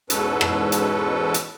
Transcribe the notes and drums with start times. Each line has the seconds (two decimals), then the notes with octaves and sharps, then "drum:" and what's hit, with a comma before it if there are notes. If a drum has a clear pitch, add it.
0.10 E2 G#2 B2 C#4 A4 B4, drum: hi-hat
0.41 drum: rim click
0.72 drum: hi-hat
1.34 drum: hi-hat